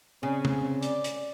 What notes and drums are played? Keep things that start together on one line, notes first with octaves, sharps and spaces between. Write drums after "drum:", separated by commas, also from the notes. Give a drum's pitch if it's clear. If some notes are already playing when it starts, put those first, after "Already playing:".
C#3 C4 C#4
drum: tom
D5, drum: hi-hat
drum: hi-hat